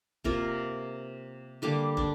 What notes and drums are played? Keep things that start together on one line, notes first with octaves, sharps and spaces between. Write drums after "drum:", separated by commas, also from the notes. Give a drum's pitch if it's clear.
C3 A#3 F4 A#4, drum: kick
D3 G3 A#3 D4 G4
D4, drum: kick